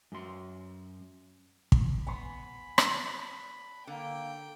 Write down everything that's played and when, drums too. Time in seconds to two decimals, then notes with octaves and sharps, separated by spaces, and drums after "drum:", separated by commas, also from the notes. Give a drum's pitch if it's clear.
0.12 F#2 C6
1.72 drum: kick
2.07 B3 G#5 B5 C6
2.78 D5 A5 F#6, drum: rim click
3.87 D3 A#3 G5